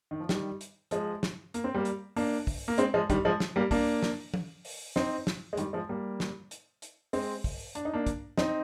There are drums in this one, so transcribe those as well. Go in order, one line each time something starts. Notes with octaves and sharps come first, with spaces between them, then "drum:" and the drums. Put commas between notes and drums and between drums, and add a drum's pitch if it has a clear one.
D#3
F3
D#3 G3, drum: snare
drum: hi-hat
F3 G#3, drum: hi-hat
drum: snare
A#3, drum: hi-hat
C4
G3 A#3
drum: hi-hat
A#3 D4, drum: open hi-hat
drum: kick, open hi-hat
A#3
G#3 C4, drum: hi-hat
F3 G#3
D#3 G3, drum: kick, hi-hat
F3 G#3
drum: snare
G3 A#3
A#3 D4, drum: kick, open hi-hat
drum: snare
drum: tom F3
drum: open hi-hat
C4 D#4, drum: snare
drum: snare
G#3
D#3 G3, drum: hi-hat
F3 G#3
G3 A#3
drum: snare
drum: hi-hat
drum: hi-hat
G#3 C4, drum: open hi-hat
drum: kick, open hi-hat
D4, drum: hi-hat
D#4
A#3 D4
drum: kick, hi-hat
C4 D#4, drum: snare